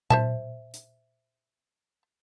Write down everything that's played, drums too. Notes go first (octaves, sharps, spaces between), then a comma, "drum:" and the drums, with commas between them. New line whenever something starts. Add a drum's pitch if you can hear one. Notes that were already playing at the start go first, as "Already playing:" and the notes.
C5 E5 A5, drum: tom A#2
drum: hi-hat